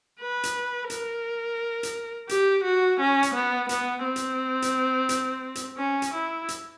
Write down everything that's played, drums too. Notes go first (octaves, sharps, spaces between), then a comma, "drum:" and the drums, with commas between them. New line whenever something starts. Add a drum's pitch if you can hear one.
B4
drum: hi-hat
A#4, drum: hi-hat
drum: hi-hat
G4, drum: hi-hat
F#4
C#4
drum: hi-hat
B3
B3, drum: hi-hat
C4
drum: hi-hat
drum: hi-hat
drum: hi-hat
drum: hi-hat
C#4
drum: hi-hat
E4
drum: hi-hat